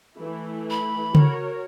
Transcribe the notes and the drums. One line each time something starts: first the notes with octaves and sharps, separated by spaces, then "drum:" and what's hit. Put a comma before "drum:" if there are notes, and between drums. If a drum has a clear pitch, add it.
E3 A3 E4
B5
F#4 A#4 C#5, drum: tom C#3